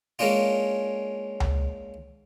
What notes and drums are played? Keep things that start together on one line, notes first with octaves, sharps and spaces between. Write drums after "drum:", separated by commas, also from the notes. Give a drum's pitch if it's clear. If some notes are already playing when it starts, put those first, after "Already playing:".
G#3 A#3 C#4 D4 F4
drum: tom C#2